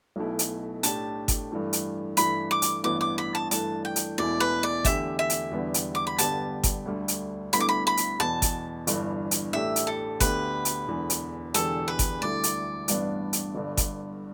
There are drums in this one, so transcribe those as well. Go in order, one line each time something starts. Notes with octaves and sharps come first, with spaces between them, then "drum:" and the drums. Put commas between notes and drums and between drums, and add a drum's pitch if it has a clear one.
B1 B2 A3 E4
drum: hi-hat
A2 A3 D4 G4 A5, drum: hi-hat
drum: kick G1, hi-hat
G2 E3 A3 G4
drum: hi-hat
G2 E3 A3 E4 B5, drum: hi-hat
D6
drum: hi-hat
A1 G2 E3 B3 D6
D6
B5
A5
G2 E3 A3 D4 A5, drum: hi-hat
G5
drum: hi-hat
E1 E2 B2 A3 E4 D5
B4
D5
E2 D3 A3 G4 E5, drum: kick G1, hi-hat
E5
drum: hi-hat
E2 D3 G3 B3 G4
drum: hi-hat
D6
B5
G1 G2 D3 B3 G4 A5, drum: hi-hat
drum: kick G1, hi-hat
D2 D3 G3
drum: hi-hat
D2 D3 G3 B3 E4 B5, drum: hi-hat
D6
B5
B5
drum: hi-hat
E2 B2 B3 A5
drum: kick G1, hi-hat
G1 G2 E3, drum: hi-hat
drum: hi-hat
A1 A2 A3 D4 G4 E5
drum: hi-hat
A4
D2 D3 B3 G4 B4, drum: kick G1, hi-hat
drum: hi-hat
E1 E2 D3
drum: hi-hat
E1 E2 D3 B3 G4 A4, drum: hi-hat
B4
drum: kick G1, hi-hat
D2 D3 G3 E4 D5
drum: hi-hat
A1 G2 G3 B3 D4, drum: hi-hat
drum: hi-hat
G1 G2 D3
drum: kick G1, hi-hat